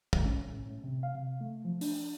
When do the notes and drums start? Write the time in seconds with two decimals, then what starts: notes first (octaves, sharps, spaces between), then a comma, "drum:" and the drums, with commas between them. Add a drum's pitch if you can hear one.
0.13 G#3, drum: kick
0.25 C#4
0.49 A2
0.66 A2
0.84 C3
1.03 F5
1.15 C3
1.41 A3
1.65 F3
1.81 D4, drum: open hi-hat